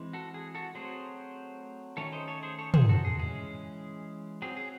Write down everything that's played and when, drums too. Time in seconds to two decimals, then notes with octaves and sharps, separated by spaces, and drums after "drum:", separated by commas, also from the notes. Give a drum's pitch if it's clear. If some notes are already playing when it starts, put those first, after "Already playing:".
Already playing: E3 G#3 C4
0.13 F#4 A4
0.34 G#4
0.55 F#4 A4
0.75 F#3 A3 C4 G#4 C5
1.97 D#3 A3 C#4 A4 C#5
2.12 C5 D#5
2.27 A4 C#5
2.43 G#4 C5
2.58 A4 C#5
2.74 G#4 C5, drum: tom
2.89 F#4 A4
3.05 G#4
3.19 E3 G#3 C#4 G#4
4.42 F#3 C4 G#4
4.57 G#4